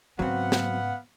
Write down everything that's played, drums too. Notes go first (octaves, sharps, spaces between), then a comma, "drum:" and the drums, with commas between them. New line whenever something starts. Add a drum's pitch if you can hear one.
G#2 C#3 F#3 B3 C4 F5 F#5
drum: snare